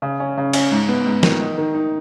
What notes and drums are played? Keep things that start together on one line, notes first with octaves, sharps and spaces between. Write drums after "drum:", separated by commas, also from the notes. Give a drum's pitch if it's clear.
C#3
C#4
C#3
C#4, drum: cymbal
G#2
B3
G#2
D#3, drum: snare
D#4
D#3
D#4